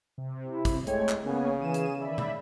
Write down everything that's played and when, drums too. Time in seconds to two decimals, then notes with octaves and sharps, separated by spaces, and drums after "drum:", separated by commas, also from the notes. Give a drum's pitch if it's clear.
0.18 C3
0.47 E4
0.65 drum: kick, hi-hat
0.87 G#3 A3 C#5 G5 G#6, drum: hi-hat
1.09 drum: clap
1.24 C#3 A#3 B3 C#4 G#5
1.59 E3 G#4 D#7 E7
1.74 drum: hi-hat
2.00 D#3 D5 E5 B5
2.18 drum: tom B2